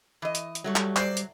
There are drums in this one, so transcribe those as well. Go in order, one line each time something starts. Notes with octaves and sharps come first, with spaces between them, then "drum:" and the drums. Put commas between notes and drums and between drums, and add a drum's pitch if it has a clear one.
E3 D#5
drum: hi-hat
drum: hi-hat
F#3 G3 A3 C#5
drum: clap
F#3 C5 D5, drum: clap
drum: hi-hat